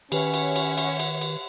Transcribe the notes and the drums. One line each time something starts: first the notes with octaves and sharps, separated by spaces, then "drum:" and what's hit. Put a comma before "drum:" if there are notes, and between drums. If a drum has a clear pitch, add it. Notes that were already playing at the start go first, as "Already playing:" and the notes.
D#3 C#4 G4 B4 C#5 E5 F#5, drum: cymbal
drum: cymbal
drum: cymbal
drum: cymbal
drum: cymbal
drum: cymbal